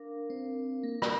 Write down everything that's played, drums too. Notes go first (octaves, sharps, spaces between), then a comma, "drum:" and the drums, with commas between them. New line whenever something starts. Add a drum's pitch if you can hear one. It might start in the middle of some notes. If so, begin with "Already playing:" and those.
Already playing: D4 A#4 F5
C4
A#3
drum: rim click